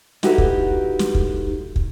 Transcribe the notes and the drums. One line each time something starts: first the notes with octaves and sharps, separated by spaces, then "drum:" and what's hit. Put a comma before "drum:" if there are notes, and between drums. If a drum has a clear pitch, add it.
D#4 E4 F#4 G4 A4 B4, drum: snare
drum: kick
drum: snare
drum: kick
drum: kick